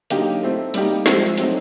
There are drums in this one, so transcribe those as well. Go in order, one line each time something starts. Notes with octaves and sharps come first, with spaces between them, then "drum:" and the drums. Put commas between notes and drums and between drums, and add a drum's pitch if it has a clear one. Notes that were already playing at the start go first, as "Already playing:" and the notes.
D3 F#3 A#3 D#4 G4, drum: hi-hat
A3 C4 E4
G3 A#3 D#4 G4, drum: hi-hat
F3 G#3 C4 E4, drum: snare
F#3 A3 C4 D#4 F#4, drum: hi-hat